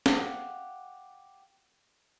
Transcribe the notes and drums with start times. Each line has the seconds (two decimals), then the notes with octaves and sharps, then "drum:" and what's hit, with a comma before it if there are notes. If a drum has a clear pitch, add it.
0.06 G4 F5 F#5, drum: snare